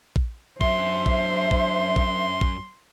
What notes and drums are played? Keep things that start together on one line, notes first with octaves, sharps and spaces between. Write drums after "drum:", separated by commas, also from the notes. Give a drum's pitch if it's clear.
drum: kick
F#2 D4 C5 E5 C6, drum: kick
drum: kick
drum: kick
drum: kick
drum: kick